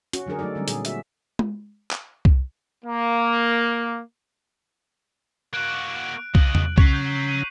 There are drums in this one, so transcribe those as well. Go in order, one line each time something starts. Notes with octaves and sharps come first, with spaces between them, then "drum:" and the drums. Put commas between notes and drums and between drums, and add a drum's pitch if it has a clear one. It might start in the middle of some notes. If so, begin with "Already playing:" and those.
C#4 F#4, drum: hi-hat
D3 F#3 D4 G#4 A#4
F#3 A3 D#4 A4 D5
D3 F#3 G3 C4
A#2 G#4, drum: hi-hat
F#4 E5, drum: hi-hat
drum: tom G#3
drum: clap
drum: kick C2
A#3
A#3 F#4 F#6 D7
C#3 D#5 F#7, drum: kick C2
drum: tom E2
C#3 C#5 A#5 C#6 B6 C7, drum: kick C2
G6
D#7